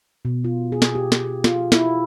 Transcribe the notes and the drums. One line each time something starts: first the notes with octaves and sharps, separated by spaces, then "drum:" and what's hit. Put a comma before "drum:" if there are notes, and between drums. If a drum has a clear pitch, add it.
B2
F4
G#4
drum: snare
G4
drum: snare
F4, drum: snare
E4, drum: snare